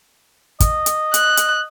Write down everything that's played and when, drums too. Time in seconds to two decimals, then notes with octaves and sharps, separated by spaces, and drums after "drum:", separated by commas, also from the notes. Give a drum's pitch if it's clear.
0.60 D#5, drum: kick, hi-hat
0.86 drum: hi-hat
1.14 F#6, drum: hi-hat
1.37 drum: hi-hat